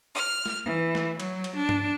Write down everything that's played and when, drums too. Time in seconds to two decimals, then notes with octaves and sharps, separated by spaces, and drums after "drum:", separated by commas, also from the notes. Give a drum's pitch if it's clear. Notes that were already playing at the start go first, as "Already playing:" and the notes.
0.14 F6
0.46 drum: snare
0.66 E3
0.95 drum: snare
1.20 F#3, drum: cymbal
1.44 drum: cymbal
1.55 D4
1.69 drum: tom